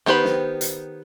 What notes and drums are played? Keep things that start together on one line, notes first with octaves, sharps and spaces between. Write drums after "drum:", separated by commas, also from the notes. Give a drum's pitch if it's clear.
D#3 B3 G4 C5 B5
drum: snare
drum: hi-hat